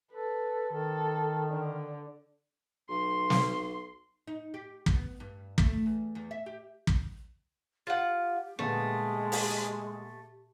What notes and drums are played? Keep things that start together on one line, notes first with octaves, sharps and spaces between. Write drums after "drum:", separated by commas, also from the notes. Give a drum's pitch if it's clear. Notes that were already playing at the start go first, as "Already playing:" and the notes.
A4 B4
D#3 A4
D3
B1 C6
drum: snare
D#4
G4
B3, drum: kick
G2
A3, drum: kick
E2
E2
E5
G4
drum: kick
F4 G4 F#5
A#2 D3 G#3 A3 B3
drum: open hi-hat